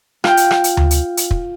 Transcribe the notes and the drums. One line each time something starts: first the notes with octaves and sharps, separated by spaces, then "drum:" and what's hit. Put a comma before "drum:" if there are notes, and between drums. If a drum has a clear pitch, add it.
F4 G5, drum: rim click
drum: hi-hat
drum: rim click
drum: hi-hat
drum: tom D2
drum: hi-hat
drum: hi-hat
drum: kick